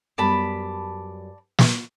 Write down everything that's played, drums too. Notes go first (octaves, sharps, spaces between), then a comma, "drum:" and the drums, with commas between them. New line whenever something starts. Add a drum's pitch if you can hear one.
F#2 G3 B3 D5 A5 B5
drum: snare